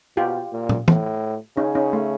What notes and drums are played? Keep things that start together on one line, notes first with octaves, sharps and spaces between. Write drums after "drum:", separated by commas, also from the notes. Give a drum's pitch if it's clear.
B2 F4 G4
A#2
drum: tom
A2, drum: tom
C#3 C#4 D#4
C#4 D#4
A3